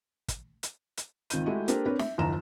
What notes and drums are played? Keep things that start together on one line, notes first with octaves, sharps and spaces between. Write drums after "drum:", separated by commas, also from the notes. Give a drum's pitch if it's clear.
drum: kick, hi-hat
drum: hi-hat
drum: hi-hat
C#2 D#3 C4 G6 D#7, drum: hi-hat
G#3 A3 E4 F#4 G4
A#3 D4 G4 A4 A#4 C5, drum: hi-hat
C4 D4 A#4 B4 C#5
E5, drum: snare
F#1 D#2 D#3 F3 A#5 E7